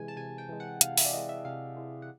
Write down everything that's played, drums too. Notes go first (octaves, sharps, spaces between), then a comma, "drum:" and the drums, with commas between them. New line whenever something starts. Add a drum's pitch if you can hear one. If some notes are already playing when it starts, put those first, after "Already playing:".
Already playing: C3 E3 G#3 G#5
A5
C3 G#5
G5
E3 G#3
F#5
C3 F5, drum: hi-hat
E5, drum: open hi-hat
D5
E3 G#3 D#5
E5
C3 F5
E3 G#3
F#5